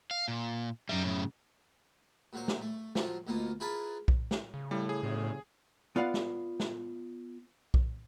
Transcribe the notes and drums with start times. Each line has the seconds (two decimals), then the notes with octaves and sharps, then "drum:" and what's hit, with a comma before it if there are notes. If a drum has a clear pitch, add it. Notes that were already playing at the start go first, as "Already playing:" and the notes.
0.11 F5
0.28 A#2
0.89 F#2 G3 D#4 E5
1.03 A2 C#3
2.33 A#2 F#3 C5
2.48 drum: snare
2.61 A3
2.95 F3 F#3 F4, drum: snare
3.27 D2 B2 A#3 D#4 F4
3.60 E4 F4 G#4 A#4 B4 A5
4.08 drum: kick B1
4.31 drum: snare
4.54 C#3
4.71 A2 G3
4.89 G#4
5.03 G1 A2
5.96 B3 F4 D5 F5 F#5
6.14 drum: snare
6.60 drum: snare
7.74 drum: kick B1